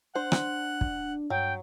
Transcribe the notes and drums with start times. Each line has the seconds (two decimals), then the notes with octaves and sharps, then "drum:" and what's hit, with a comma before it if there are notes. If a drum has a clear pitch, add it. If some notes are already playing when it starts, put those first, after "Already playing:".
0.15 D4 C5 F#5
0.32 drum: rim click
0.81 drum: kick
1.30 G2 F#3 G5